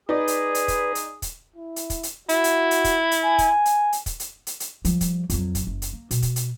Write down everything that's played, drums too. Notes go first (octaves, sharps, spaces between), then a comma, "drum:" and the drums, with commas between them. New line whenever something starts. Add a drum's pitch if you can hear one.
D#4 G#4 B4 D5
drum: hi-hat
drum: hi-hat
drum: kick, hi-hat
drum: hi-hat
drum: kick, hi-hat
E4
drum: hi-hat
drum: kick, hi-hat
drum: hi-hat
E4 F#4, drum: hi-hat
drum: hi-hat
drum: hi-hat
drum: kick, hi-hat
drum: hi-hat
G#5
drum: kick, hi-hat
drum: hi-hat
drum: hi-hat
drum: kick, hi-hat
drum: hi-hat
drum: hi-hat
drum: hi-hat
F3 G3, drum: hi-hat
drum: kick, hi-hat
F2 F#3, drum: hi-hat
drum: kick, hi-hat
F#1
drum: hi-hat
A#3
B2, drum: hi-hat
drum: kick, hi-hat
drum: hi-hat